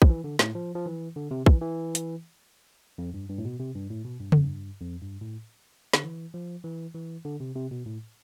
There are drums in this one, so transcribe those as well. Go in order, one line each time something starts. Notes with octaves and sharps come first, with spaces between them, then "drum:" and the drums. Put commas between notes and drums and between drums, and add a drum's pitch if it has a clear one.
F3, drum: kick
E3
D3
A2, drum: snare
F3
F3
E3
D3
C3
E3, drum: kick
E3
drum: hi-hat
F2
G2
G2
A2
B2
C3
G2
A2
B2
G2
F2, drum: tom C#3
G2
F2
G2
A2
D3, drum: snare
E3
F3
E3
E3
D3
C3
C3
B2
A2